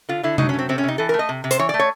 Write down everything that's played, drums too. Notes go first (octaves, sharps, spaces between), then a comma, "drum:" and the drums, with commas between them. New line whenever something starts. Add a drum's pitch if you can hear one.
D3 F4
D3 E4
F#3 D#4, drum: tom C3
C#4
A3
C4
C3 C4
C#4
C3 D#4
E3 A4
A#4
A3
D#5
C3
C3
C5, drum: hi-hat
E3 C#5
D5
A3
C#5